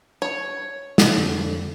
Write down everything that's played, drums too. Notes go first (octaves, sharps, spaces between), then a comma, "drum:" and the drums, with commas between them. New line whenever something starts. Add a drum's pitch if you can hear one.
C#5
drum: snare
F2 D3 F3